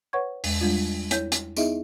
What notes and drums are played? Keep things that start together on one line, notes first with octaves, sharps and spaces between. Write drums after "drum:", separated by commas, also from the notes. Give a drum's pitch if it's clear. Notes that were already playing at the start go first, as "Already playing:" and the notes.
B4 C#5 F#5 C#6 G#6
E2 G#3, drum: open hi-hat
G3 G#3 D4 F4
E4 C#5 G6, drum: hi-hat
drum: hi-hat
B3 D#4 E4 G#4 D#5 E5, drum: tambourine